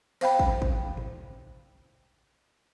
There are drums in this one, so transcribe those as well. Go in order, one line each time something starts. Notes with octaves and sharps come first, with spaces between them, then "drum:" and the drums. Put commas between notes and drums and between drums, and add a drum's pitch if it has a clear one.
C5 F5 G5 B5, drum: cymbal
drum: kick
drum: kick
drum: tom